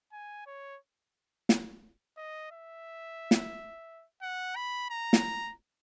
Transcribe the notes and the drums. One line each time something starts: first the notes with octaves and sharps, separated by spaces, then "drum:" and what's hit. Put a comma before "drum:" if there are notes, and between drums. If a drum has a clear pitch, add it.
G#5
C#5
drum: snare
D#5
E5
drum: snare
F#5
B5
A#5
drum: snare